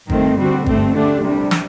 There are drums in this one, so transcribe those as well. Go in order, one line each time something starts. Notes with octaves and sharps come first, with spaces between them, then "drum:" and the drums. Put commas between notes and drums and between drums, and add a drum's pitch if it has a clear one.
G2 D#3 A3 C4, drum: kick
D3 G3 C4 F#4
G2 D3 A3 C4, drum: kick
D3 A3 D4 G4
C2 C3 G3 D4
drum: snare